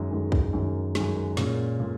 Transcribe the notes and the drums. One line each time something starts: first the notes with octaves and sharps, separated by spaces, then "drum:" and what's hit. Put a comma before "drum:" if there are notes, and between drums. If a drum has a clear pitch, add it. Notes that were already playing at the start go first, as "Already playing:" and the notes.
Already playing: F#2 D#3 G#3
F#2 D#3 G#3
drum: kick
F#2 D#3 G#3
F#2 D#3 G#3, drum: snare
A#2 G#3 C#4, drum: snare
A#2 G#3